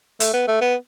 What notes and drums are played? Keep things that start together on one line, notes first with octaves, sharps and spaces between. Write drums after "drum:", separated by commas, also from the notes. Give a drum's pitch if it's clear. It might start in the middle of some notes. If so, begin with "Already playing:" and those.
A3, drum: hi-hat
B3
A3
B3